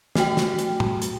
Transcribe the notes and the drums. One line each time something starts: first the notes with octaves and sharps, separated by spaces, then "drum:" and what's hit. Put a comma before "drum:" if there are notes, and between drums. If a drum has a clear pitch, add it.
A3 F#4 G5, drum: snare
drum: snare
drum: hi-hat
drum: tom
drum: hi-hat